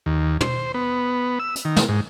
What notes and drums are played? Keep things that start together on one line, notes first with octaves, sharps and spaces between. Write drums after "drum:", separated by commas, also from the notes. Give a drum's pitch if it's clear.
D#2
C5, drum: tom
B3
E6
drum: hi-hat
D#3
drum: snare
G#2